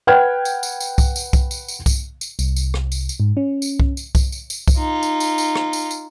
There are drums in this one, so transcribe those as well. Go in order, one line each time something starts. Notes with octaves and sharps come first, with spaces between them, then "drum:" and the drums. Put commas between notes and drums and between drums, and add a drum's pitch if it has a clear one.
B4 F#5 G5 F6 G#6
drum: tambourine
drum: tambourine
drum: tambourine
drum: kick C2, tambourine
drum: tambourine
drum: kick C2, tambourine
drum: tambourine
drum: tambourine
drum: kick C2, tambourine
drum: tambourine
C2, drum: tambourine
drum: tambourine
drum: rim click
drum: tambourine
drum: tambourine
G#2
C#4
drum: tambourine
drum: kick C2
drum: tambourine
drum: kick C2, tambourine
drum: tambourine
drum: tambourine
drum: kick C2, tambourine
D#4 F4
drum: tambourine
drum: tambourine
drum: tambourine
drum: rim click
drum: tambourine
drum: tambourine